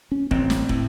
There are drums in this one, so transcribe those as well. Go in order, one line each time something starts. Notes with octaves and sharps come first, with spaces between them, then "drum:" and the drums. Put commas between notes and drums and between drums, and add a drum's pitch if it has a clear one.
C#4
A1 C4, drum: kick
drum: snare
A2, drum: kick